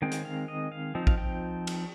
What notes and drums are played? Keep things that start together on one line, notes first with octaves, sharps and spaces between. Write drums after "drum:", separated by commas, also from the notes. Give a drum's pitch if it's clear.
D#3 G#3 C4 G5
drum: hi-hat
F5
D#5
F5
F3 C4 D#4
F5, drum: kick A1
G5
drum: cymbal